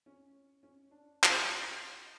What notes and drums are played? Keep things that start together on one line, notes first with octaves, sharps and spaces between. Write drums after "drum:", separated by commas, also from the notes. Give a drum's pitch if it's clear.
C#4
C#4
D4
drum: clap
D4